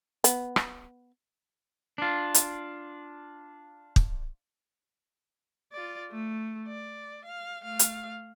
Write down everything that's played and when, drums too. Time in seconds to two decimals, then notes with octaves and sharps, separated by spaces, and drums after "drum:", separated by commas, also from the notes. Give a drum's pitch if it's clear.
0.24 B3, drum: hi-hat
0.56 drum: rim click
1.98 D4 F4
2.34 drum: hi-hat
3.96 drum: kick
5.72 F4 D5
6.11 A3
6.67 D5
7.25 F5
7.63 A3 F5
7.79 drum: hi-hat